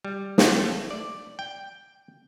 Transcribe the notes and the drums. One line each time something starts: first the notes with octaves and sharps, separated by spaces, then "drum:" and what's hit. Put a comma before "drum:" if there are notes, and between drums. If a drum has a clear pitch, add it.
G3
drum: snare
A3
D5
G5